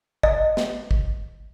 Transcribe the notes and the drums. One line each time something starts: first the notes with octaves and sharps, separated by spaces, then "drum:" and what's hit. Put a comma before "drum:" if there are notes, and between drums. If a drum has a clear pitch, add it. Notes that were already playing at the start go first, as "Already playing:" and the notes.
D#5, drum: kick
drum: snare
drum: kick